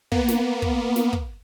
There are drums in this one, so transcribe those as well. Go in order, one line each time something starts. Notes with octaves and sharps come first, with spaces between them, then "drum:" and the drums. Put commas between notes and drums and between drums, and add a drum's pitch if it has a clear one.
A#3 B3, drum: kick
drum: snare
drum: kick
drum: snare
drum: kick